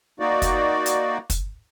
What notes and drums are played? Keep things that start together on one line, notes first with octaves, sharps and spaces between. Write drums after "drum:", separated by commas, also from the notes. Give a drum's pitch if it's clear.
A#3 D#4 F#4 D5
drum: kick, hi-hat
drum: hi-hat
drum: kick, hi-hat